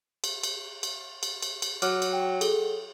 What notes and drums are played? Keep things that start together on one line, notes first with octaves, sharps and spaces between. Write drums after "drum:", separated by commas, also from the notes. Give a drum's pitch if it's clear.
drum: cymbal
drum: cymbal
drum: cymbal
drum: cymbal
drum: cymbal
drum: cymbal
F#3 D6 F6 F#6, drum: cymbal
drum: cymbal
G5
G#4 A4 G7, drum: cymbal